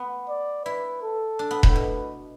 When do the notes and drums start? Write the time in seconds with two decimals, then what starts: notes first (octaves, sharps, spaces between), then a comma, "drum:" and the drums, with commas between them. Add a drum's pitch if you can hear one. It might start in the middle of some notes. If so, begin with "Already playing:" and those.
Already playing: B3
0.29 D5
0.66 E4 B4
1.02 A4
1.39 D4
1.51 B3
1.63 A2, drum: kick E1
1.76 B2 B4